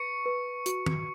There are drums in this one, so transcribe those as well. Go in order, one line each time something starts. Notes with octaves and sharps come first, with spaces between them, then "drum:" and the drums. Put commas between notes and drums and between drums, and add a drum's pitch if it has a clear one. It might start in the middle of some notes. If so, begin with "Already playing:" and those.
Already playing: B4 C#6 C#7
B4
F#4, drum: hi-hat
drum: tom